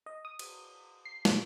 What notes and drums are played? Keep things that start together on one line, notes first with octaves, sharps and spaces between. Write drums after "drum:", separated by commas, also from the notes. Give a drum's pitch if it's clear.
D#5
D#6
drum: cymbal
C7
A#2, drum: snare